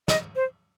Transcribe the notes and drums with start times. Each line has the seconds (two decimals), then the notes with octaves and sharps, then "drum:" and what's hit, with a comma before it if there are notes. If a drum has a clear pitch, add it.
0.08 D#5, drum: snare
0.36 C5